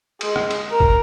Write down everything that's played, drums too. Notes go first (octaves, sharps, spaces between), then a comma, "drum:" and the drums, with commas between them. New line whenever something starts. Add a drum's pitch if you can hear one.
G#3, drum: cymbal
drum: rim click
drum: cymbal
A#4 A#5
drum: kick